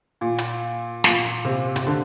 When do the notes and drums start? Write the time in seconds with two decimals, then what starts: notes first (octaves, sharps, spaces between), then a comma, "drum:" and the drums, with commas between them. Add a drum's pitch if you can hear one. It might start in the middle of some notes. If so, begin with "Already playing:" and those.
0.21 A#2
0.38 drum: hi-hat
1.04 A#2, drum: snare
1.45 C3
1.76 C3, drum: hi-hat
1.87 D3